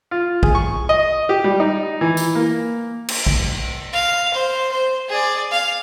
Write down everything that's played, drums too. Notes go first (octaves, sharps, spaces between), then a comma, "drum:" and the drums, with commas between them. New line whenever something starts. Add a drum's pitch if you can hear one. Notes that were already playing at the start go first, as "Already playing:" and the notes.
F4
G#4, drum: kick
C#6
D#5
G4
G3
D#4
E3
drum: tambourine
A#3
drum: cymbal
drum: kick
F5
C5
C5
G#4 D5
F5